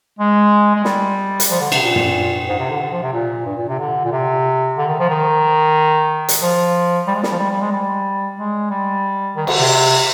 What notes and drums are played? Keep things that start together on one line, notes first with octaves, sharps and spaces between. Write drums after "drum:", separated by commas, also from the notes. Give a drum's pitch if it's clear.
G#3
G#3
G3, drum: snare
drum: hi-hat
F3
D3
C3, drum: cymbal
A#2
drum: tom F#2
G#2
C3
D3
F3
C3
A#2
G2
A#2
C3
D3
A#2
C3
D3
D#3
F3
D#3
drum: hi-hat
F3
G3
G#3
G3, drum: snare
F3
G3
G3
G#3
G3
G#3
G3
D#3
D3, drum: cymbal
C3